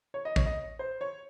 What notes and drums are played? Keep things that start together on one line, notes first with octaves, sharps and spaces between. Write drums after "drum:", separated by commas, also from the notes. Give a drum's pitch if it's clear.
C#5
D#5
C#5, drum: kick
D#5
C5
C#5